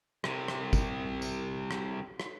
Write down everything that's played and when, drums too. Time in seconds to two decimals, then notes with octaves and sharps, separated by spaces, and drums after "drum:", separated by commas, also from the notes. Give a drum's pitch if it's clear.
0.24 C2 C3, drum: rim click
0.48 drum: rim click
0.73 drum: kick G1, tambourine
1.22 drum: tambourine
1.71 drum: rim click
2.20 drum: rim click